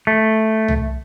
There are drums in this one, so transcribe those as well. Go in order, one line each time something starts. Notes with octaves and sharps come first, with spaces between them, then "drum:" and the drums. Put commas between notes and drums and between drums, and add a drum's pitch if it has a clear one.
A3
drum: tom C2